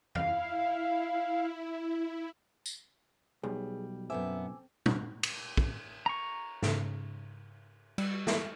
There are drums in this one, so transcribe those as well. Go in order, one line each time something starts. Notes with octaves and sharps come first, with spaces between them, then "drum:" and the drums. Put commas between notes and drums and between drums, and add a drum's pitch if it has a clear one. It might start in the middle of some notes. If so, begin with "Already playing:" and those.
E4 F5, drum: tom E2
drum: tambourine
B1 G3 G#4
F#2 B3 C4 A4 E5 G#5 D6 E6
drum: tom
drum: cymbal
drum: kick
A#5 C#6
G#2 C#3, drum: snare
G3, drum: cymbal
drum: snare